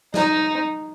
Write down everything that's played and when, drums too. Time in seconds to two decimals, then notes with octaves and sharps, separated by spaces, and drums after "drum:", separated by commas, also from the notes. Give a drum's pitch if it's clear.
0.14 D#4, drum: snare